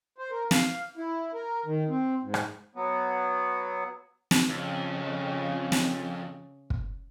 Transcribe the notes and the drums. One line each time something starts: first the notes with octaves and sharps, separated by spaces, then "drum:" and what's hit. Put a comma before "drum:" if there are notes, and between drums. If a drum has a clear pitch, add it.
C5
A#4
F5, drum: snare
E4
A#4
D#3
C4
G#2
drum: rim click
F#3 B3
drum: snare
F2 C#3
drum: snare
drum: kick